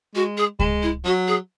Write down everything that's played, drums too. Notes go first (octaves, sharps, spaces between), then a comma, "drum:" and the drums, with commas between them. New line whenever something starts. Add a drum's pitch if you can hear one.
G#3 F#4
G#4
G#3, drum: kick C#2
E4
F#3 F#4
G#4